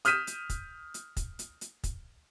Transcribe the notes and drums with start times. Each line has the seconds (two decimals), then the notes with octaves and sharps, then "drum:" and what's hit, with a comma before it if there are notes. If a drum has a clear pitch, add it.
0.05 D#6 F6 G6 B6 D#7 E7, drum: hi-hat
0.27 drum: hi-hat
0.50 drum: kick, hi-hat
0.94 drum: hi-hat
1.17 drum: kick, hi-hat
1.39 drum: hi-hat
1.61 drum: hi-hat
1.84 drum: kick, hi-hat